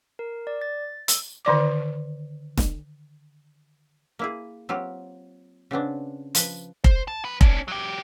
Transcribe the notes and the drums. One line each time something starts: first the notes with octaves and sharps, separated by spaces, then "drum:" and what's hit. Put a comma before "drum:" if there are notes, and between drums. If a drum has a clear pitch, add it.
A#4
D5
A6
E6, drum: hi-hat
D3 D#3 D5 D6
drum: snare E1
A#3 E4 G#4
F#3 C4 F4 G4
C#3 B3 C4 D4
F3 B4, drum: hi-hat
C5, drum: kick F1
A5
F2 B4
C#4 D4, drum: kick F1
F#3 G4